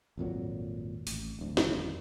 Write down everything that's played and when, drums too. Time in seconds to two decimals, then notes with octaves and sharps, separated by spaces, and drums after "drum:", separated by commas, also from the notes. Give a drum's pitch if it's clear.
0.17 G#1 F2 A#2 F#3
1.07 A1, drum: open hi-hat
1.39 D1 D2
1.57 G1 F2 D#3 A#3, drum: snare